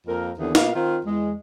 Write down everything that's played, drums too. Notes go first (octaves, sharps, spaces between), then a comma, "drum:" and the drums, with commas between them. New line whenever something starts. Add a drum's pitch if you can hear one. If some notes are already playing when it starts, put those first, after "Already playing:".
F2 A#3 F4 A#4
D#2 D3 E3 B3 G#4
A#2 B3 F5, drum: snare
D#3 C4 F4
E2 G#3